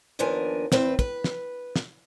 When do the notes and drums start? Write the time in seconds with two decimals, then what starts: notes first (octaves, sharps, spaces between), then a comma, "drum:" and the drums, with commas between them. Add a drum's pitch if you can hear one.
0.19 D#2 F3 B3 D4 A#4 G#5
0.72 E2 C4 B4, drum: snare
0.99 B4, drum: kick
1.24 drum: snare
1.76 drum: snare